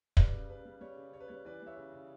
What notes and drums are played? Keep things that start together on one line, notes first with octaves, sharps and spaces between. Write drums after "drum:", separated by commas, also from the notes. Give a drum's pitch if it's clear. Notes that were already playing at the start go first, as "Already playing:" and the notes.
G3 B4 D5, drum: kick
C#3
C#3 B4
G3
G3 C#5
C#3
C#3 C#5
B4
G3 C#5
E3 B4 D5
G3 C#5 E5
C#3
C#3